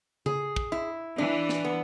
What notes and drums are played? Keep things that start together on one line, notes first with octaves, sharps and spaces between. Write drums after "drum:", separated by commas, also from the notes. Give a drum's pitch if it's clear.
G#4, drum: tom C#3
drum: kick
E4
E3 D4
drum: snare
B3